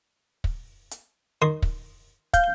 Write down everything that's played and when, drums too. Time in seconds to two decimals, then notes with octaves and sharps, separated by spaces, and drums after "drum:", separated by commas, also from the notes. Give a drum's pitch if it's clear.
0.44 drum: kick
0.91 drum: hi-hat
1.42 D#3 C6 D#6
1.62 drum: kick
2.34 F5 G6, drum: kick, hi-hat